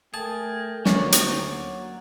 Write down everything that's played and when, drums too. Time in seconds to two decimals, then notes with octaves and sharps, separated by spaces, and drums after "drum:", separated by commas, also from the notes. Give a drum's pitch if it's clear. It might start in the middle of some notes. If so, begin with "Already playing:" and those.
0.14 A3 G#4 A#4 G5 A5
0.86 D2 F#3 A#3 C#4 D5, drum: snare
1.12 drum: hi-hat